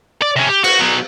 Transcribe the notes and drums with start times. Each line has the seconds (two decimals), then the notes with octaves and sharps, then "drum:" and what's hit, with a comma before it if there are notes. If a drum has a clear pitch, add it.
0.22 D5
0.36 C3 C#4
0.48 G4
0.64 F#4, drum: cymbal
0.80 F#3 B3